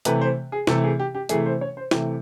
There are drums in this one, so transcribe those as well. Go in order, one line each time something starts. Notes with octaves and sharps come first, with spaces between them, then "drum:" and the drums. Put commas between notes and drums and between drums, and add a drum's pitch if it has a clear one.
C3 E3 A3 B4, drum: hi-hat
C5
G#4
C3 E3 A3 A4, drum: snare
G#4
G4
G4
C3 E3 A3 G#4, drum: hi-hat
C5
C#5
C5
C3 E3 A3, drum: snare